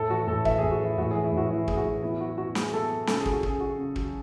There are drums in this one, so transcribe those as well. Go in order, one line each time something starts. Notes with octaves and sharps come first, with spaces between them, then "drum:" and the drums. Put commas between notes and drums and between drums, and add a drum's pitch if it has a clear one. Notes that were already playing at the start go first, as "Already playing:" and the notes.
Already playing: A2 A4
E3 F#4
A2 A4
E3 E5, drum: kick
A2 G#4
F#4
E3 E4
A2 F#4
E3 G#4
E4
A2 F#4
E3 E4
A2 G#4, drum: kick
F#4
E3
B2 E4
F#3 F#4
B2 F#4
F#3 G#4, drum: snare
B2 A4
F#3
C#3 A4, drum: snare
G#4
F#3, drum: kick
F#4
C#3 G#4, drum: kick
F#3 F#4
C#3
F#3, drum: kick